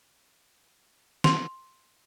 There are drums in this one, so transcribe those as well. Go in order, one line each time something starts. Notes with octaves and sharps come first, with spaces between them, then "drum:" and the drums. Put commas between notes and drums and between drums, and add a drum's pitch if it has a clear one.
C6, drum: snare